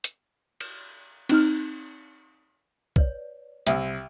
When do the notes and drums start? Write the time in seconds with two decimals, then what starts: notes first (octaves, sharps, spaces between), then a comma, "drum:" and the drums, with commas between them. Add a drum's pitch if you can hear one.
0.04 drum: hi-hat
0.60 drum: cymbal
1.29 C4 D#4 F6, drum: cymbal
2.96 B4 C#5 D5, drum: kick
3.67 C2 E5 D#6 E6, drum: hi-hat